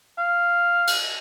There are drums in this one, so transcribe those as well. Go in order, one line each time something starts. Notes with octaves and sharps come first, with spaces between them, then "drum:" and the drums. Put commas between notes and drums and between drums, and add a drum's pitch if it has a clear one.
F5
drum: cymbal